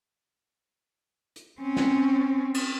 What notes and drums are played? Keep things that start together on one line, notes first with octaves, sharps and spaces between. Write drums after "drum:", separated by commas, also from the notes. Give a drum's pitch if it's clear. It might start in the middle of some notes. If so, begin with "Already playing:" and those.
drum: hi-hat
C4 C#4
drum: snare
drum: cymbal